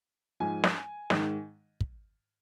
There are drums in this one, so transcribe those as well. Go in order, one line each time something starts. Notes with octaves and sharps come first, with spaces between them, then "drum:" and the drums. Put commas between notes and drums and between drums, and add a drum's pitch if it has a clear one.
G#2 F3 G#5
drum: snare
G#2 D#3, drum: snare
drum: kick